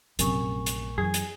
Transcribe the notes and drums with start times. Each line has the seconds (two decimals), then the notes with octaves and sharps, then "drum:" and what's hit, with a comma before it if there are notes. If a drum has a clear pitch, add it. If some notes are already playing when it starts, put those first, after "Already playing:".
0.19 A#1 F#2 C3 A3 A#4 G#5 C#6, drum: hi-hat
0.66 drum: hi-hat
0.98 F#2 E3 G#4
1.14 drum: hi-hat